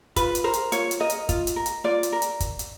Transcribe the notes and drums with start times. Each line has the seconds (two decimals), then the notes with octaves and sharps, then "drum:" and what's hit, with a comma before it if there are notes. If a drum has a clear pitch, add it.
0.16 F4 B4, drum: kick, hi-hat
0.35 drum: hi-hat
0.44 A#4 C5
0.54 drum: hi-hat
0.72 F4 C#5, drum: hi-hat
0.91 drum: hi-hat
1.00 A#4 D#5
1.10 drum: hi-hat
1.29 F4, drum: kick, hi-hat
1.47 drum: hi-hat
1.56 A#4
1.66 drum: hi-hat
1.84 F4 D5
2.03 drum: hi-hat
2.12 A#4
2.22 drum: hi-hat
2.40 drum: kick, hi-hat
2.59 drum: hi-hat